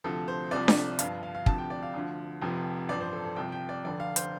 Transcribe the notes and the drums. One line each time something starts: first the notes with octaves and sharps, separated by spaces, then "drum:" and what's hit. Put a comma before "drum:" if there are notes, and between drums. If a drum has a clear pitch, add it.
D2 C3 F3 A4
C5
C2 C3 F3 D5
drum: snare D4
G1 G2 F3 F5, drum: hi-hat
F5
F5
D2 C3 F3 A5, drum: kick
G5
D5
F5
D2 D3 F3
F1 F2 C3 F3
A1 G2 F3 D5
C5
A4
A4
C2 C3 F3 G5
G5
D5
F1 F2 D3 D5
F5
C5, drum: hi-hat